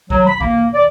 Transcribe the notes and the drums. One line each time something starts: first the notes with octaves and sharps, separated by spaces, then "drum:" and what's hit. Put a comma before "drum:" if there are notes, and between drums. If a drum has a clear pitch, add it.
F#3, drum: kick
B5
A#3, drum: kick
D5